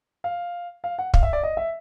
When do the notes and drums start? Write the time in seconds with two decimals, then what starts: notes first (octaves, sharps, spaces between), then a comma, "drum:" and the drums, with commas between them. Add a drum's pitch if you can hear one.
0.24 F5
0.84 F5
0.99 F#5
1.14 F5, drum: kick
1.23 E5
1.33 D5
1.43 D#5
1.57 E5